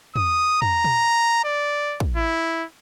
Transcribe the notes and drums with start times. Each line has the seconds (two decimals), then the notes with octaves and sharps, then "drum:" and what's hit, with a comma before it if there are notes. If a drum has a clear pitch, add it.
0.16 D#6, drum: tom
0.62 A#5, drum: tom
0.84 drum: tom
1.44 D5
2.00 drum: kick
2.16 E4